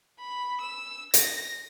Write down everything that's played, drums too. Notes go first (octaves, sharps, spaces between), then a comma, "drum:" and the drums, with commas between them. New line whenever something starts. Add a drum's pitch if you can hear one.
B5
E6
A#6, drum: hi-hat